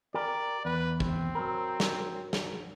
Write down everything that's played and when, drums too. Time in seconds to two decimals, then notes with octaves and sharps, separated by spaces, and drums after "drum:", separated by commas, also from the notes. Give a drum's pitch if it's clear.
0.14 G4 A#4 D5
0.65 E2 B4
1.00 C4, drum: kick
1.35 F#3 A#4
1.80 drum: snare
2.33 drum: snare